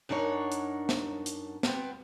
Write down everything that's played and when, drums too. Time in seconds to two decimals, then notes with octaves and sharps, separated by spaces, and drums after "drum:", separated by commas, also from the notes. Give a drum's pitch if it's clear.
0.09 F#2 D4 D#4 A#4 C#5 F#5
0.52 drum: hi-hat
0.89 drum: snare
1.26 drum: hi-hat
1.63 B3 C4, drum: snare